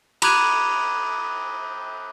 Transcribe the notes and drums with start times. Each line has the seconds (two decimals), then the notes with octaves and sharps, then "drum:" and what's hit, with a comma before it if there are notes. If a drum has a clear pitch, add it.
0.22 A#5 B5 D6 F#6 G#6 D#7, drum: cymbal